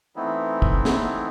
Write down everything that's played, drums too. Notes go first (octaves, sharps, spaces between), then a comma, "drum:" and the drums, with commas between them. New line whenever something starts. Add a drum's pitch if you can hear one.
E3 A3 B3 C4 D#4 E4
drum: kick
drum: snare